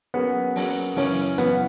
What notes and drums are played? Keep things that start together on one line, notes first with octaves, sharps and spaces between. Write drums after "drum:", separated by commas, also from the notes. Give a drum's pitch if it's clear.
F#3 A#3 B3 C#4 G#4
F#3 A#3 C#4 G#4, drum: open hi-hat
F#2 C#3 E3 C#4, drum: open hi-hat
F#2 C#3 E3 B3, drum: hi-hat